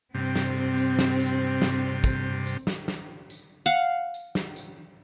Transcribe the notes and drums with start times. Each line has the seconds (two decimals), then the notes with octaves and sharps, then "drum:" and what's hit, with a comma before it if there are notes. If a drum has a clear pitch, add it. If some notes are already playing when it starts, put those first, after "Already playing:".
0.15 G2 C3 C4
0.36 drum: snare
0.78 drum: tambourine
0.99 drum: snare
1.20 drum: tambourine
1.62 drum: snare
2.04 drum: kick, tambourine
2.46 drum: tambourine
2.67 drum: snare
2.88 drum: snare
3.30 drum: tambourine
3.66 F5 F#5
4.14 drum: tambourine
4.35 drum: snare
4.56 drum: tambourine